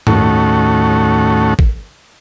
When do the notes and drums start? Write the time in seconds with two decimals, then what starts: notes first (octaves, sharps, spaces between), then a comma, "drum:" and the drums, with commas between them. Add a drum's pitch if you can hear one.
0.07 D#2 A2 A3 C#4 F#4, drum: tom G2
1.59 drum: kick